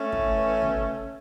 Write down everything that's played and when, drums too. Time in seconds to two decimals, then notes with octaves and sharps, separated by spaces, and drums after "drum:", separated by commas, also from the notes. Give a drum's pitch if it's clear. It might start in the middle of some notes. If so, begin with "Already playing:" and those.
Already playing: A3 C#4
0.12 A2, drum: kick
0.37 E3
0.62 B2, drum: tom